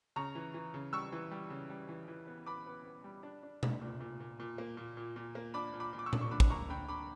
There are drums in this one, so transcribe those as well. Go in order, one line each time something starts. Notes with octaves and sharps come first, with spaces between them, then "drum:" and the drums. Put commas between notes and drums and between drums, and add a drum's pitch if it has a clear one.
C#3 A#5 C#6
E3
E3
C#3
G3 C#6 E6
E3
G3
C#3
G3
E3
E3
B3
B3 B5 D6
B3
B3
G3
D4
D4
D4, drum: tom B2
A#2
A#2
A#2
A#2
A#3
A#2
A#2
A#2
A#3
D4 B5 D6
A#2
B5 D6
A#2
D6
C#6 E6
D4, drum: tom A#2
C#6
D3 B5 D6
drum: kick
A#3 A#5 C#6
D3 G5 B5
D3 B5 D6